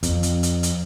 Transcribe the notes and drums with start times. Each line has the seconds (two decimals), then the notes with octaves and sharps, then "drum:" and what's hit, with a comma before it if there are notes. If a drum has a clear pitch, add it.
0.03 F2, drum: hi-hat
0.23 drum: hi-hat
0.43 drum: hi-hat
0.63 drum: hi-hat